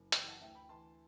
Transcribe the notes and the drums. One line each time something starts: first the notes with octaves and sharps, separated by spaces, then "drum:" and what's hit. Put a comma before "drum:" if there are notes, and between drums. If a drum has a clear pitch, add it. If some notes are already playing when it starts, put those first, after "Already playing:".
Already playing: F#1
E3 E5 G5, drum: hi-hat
F#5 A5
D2 E5 G5
G5 B5
E3 A5 C6